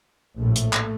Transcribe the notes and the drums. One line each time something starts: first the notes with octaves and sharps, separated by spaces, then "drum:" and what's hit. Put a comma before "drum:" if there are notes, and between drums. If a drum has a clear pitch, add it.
A#1 A2 A3
drum: hi-hat
drum: clap